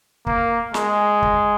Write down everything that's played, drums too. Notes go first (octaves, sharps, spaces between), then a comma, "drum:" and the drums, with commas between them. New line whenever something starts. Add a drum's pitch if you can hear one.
A#3, drum: kick
G#3, drum: snare
drum: kick